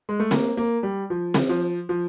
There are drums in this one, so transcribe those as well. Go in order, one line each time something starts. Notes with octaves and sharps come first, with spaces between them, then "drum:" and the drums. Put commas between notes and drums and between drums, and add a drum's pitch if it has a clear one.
G#3
A3
A#3, drum: snare C4
A#3
G3
F3
drum: snare C4
F3
F3